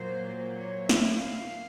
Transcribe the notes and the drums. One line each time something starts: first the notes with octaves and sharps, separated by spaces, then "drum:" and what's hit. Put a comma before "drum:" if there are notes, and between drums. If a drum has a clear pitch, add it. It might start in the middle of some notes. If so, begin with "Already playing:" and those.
Already playing: A#2 F#3 A#3 C5
C#5
E5, drum: snare
F5